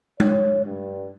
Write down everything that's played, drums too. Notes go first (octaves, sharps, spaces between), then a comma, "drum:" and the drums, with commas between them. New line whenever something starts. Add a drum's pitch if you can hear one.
C#5, drum: tom G#3
G2